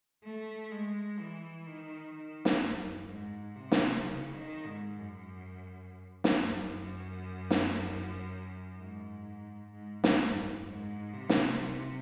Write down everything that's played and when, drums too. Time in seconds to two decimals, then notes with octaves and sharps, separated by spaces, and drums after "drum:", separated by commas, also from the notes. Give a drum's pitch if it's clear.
0.24 A3
0.71 G#3
1.19 E3
1.67 D#3
2.13 D#3
2.45 drum: snare
2.61 F#2
3.08 G#2
3.56 C3
3.72 drum: snare
4.03 C#3
4.35 D#3
4.66 G#2
4.98 F#2
6.24 drum: snare
6.39 F#2
7.51 drum: snare
8.77 G#2
9.71 G#2
10.04 G#2, drum: snare
10.35 F#2
10.66 G#2
11.13 C3
11.29 drum: snare